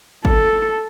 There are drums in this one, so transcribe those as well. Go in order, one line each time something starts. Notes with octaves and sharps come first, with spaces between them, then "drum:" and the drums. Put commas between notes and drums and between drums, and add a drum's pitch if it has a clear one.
A4, drum: kick